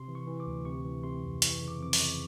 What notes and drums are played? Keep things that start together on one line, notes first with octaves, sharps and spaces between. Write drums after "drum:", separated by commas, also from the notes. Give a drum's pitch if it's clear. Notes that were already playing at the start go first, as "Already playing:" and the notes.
Already playing: C3 C6
E3
C#6
E3
D6
D2
C3 C#6
E3
C3 C6
F2
E3 C#6, drum: hi-hat
C#3
D6
F2 D6
C#6, drum: open hi-hat
C#3